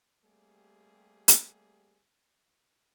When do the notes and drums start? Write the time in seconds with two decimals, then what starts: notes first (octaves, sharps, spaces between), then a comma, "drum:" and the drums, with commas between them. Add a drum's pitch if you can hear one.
0.24 G3 A3 A#3 C4 G4 G#4
1.28 drum: hi-hat